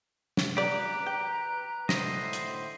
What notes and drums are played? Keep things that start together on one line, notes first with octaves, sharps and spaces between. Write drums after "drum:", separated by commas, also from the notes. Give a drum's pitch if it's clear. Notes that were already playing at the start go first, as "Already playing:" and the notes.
drum: snare
F#3 A#3 G4 B4 D5 A#5 F#6
G5
A2 D3 C5 D#5 E5, drum: snare
drum: hi-hat